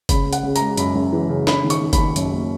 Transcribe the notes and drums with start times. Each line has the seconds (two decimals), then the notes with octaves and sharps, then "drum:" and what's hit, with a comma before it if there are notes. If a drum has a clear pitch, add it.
0.09 C#3 B5, drum: kick F#1, hi-hat
0.26 C#3
0.33 F#5, drum: hi-hat
0.43 C#3
0.56 A#5, drum: hi-hat
0.61 G#3
0.77 F#2 B5, drum: hi-hat
0.95 F#2
1.13 E3
1.29 C#3
1.47 C#4 B5, drum: snare
1.64 D#3
1.70 C#6, drum: hi-hat
1.81 D#3
1.93 B5, drum: kick F#1, hi-hat
1.99 D#3
2.16 F#2, drum: hi-hat
2.33 A#3